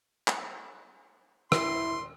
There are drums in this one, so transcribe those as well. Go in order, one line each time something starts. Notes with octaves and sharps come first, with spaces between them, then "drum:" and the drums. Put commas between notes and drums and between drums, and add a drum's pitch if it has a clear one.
drum: clap
E4 C6, drum: rim click